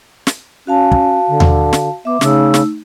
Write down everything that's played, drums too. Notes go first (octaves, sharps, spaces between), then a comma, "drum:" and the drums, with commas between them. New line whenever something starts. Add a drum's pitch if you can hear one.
drum: snare
C#4 F#4 F5 A5
drum: kick
D3
drum: tom D#2
drum: snare
B3 E5 D6
C#3 A3 D#4 E6, drum: snare
drum: snare